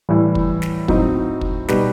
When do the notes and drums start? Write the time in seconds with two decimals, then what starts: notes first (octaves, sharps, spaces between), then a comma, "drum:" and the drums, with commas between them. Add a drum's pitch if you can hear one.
0.09 A2 E3 G3
0.35 drum: kick
0.62 drum: snare
0.88 A2 F#3 C4 D#4, drum: kick
1.41 drum: kick
1.68 B2 G3 D#4 G4 B4, drum: snare